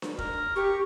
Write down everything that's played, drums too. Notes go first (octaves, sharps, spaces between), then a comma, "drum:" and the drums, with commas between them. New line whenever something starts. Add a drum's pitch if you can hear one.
drum: snare D4
A#4, drum: kick
G4 C#6